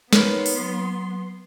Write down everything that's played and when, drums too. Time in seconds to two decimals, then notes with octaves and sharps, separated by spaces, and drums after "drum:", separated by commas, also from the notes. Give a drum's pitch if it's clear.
0.13 B3 D#4 A#4 B4 C#5 C6, drum: snare
0.46 drum: open hi-hat
0.58 F#3